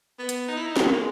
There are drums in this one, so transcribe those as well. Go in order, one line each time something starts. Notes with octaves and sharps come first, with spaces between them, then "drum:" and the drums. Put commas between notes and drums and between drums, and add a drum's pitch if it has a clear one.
B3
drum: hi-hat
D#4
E4
D#4
B3, drum: snare
A#3
G#3